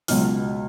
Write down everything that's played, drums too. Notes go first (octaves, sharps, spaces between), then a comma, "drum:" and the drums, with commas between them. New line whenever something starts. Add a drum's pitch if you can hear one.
C#2 B2 F#3 F6, drum: open hi-hat